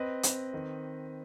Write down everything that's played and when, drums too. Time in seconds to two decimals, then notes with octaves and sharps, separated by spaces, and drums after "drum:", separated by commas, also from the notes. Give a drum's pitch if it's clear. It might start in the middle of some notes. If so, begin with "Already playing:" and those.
Already playing: C4 B4 D#5
0.23 C4, drum: hi-hat
0.53 D#3